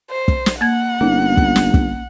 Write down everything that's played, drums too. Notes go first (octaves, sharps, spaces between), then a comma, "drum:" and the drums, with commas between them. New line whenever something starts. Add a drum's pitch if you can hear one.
C5
drum: kick
drum: snare
A#3 F#5 G#6
G1 A#3 C#4 D#4
drum: kick
drum: snare
drum: kick